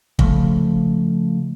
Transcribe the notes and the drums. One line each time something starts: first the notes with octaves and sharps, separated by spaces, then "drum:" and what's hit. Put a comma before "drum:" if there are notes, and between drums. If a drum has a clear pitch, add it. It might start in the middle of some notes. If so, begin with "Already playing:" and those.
C#3 F3 A3, drum: kick